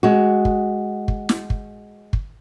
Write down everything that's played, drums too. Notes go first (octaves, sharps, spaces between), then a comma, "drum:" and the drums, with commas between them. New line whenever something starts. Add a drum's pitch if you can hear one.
G#3 F#4
drum: kick
drum: kick
drum: snare
drum: kick
drum: kick